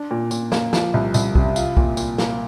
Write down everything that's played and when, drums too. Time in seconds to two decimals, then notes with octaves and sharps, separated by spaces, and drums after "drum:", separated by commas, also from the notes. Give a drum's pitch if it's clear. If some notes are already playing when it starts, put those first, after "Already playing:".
Already playing: D4
0.11 A#2
0.31 A#2, drum: tambourine
0.52 A#3, drum: snare
0.73 F3, drum: snare
0.94 C2
1.14 C2, drum: tambourine
1.35 C3, drum: kick B1
1.56 F4, drum: tambourine
1.77 A#2, drum: kick B1
1.97 A#2, drum: tambourine
2.18 A#3, drum: snare